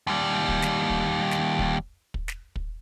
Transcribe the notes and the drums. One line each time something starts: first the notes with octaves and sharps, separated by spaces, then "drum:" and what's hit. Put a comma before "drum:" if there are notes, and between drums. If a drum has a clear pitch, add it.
D#2 G3
drum: kick
drum: snare
drum: kick
drum: snare
drum: kick
drum: kick
drum: snare
drum: kick